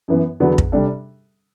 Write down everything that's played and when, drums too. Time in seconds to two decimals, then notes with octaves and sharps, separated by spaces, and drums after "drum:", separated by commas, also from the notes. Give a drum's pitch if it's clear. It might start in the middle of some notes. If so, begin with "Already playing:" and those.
0.08 F#2 E3 B3
0.40 E2 D3 F#3 B3 D4
0.58 drum: kick
0.72 C3 G3 D4 A4